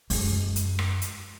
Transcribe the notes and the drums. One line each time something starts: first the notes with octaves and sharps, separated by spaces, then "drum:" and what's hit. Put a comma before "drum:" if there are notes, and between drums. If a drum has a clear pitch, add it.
F#2 G#3, drum: open hi-hat
drum: hi-hat
drum: rim click
drum: hi-hat